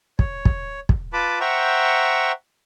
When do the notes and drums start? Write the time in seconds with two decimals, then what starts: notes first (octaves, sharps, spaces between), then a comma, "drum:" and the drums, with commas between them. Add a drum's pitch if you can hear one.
0.19 C#5, drum: kick
0.45 drum: kick
0.89 drum: kick
1.13 F4 B4 A5 B5 D6
1.40 C5 E5 F#5 G5 A#5 C#6